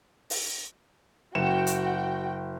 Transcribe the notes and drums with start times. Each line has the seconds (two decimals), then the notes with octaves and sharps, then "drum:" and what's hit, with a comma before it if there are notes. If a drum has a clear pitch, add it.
0.30 drum: open hi-hat
1.35 F#1 F#4 G5 C#7 E7
1.67 drum: hi-hat